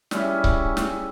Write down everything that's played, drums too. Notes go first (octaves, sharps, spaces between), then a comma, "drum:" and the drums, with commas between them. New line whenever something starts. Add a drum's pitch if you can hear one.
G3 C#4 E4 G#4, drum: snare
drum: kick C#1
drum: snare